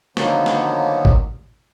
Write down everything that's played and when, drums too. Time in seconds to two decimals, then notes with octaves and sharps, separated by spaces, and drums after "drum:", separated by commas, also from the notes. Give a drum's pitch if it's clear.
0.17 D3 D#3 F3 F#3 A#3 B3, drum: snare
0.46 drum: snare
1.05 drum: kick